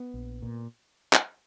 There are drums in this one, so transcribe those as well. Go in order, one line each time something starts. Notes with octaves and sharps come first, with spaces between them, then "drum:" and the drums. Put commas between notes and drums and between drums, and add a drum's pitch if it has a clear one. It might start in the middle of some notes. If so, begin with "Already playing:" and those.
Already playing: B3
A#1
A#2
drum: clap